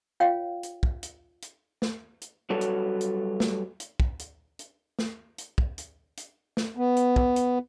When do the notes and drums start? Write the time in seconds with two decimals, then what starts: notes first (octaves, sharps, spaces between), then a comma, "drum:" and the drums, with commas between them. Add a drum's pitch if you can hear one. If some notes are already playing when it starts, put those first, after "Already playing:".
0.20 F4 C#5 F5 G5
0.63 drum: hi-hat
0.83 drum: kick
1.03 drum: hi-hat
1.42 drum: hi-hat
1.82 drum: snare
2.21 drum: hi-hat
2.50 F#3 G3 F#4 A4 B4 C#5
2.61 drum: hi-hat
3.01 drum: hi-hat
3.40 drum: snare
3.80 drum: hi-hat
4.00 drum: kick
4.19 drum: hi-hat
4.59 drum: hi-hat
4.99 drum: snare
5.38 drum: hi-hat
5.58 drum: kick
5.78 drum: hi-hat
6.17 drum: hi-hat
6.57 drum: snare
6.77 B3
6.96 drum: hi-hat
7.16 drum: kick
7.36 drum: hi-hat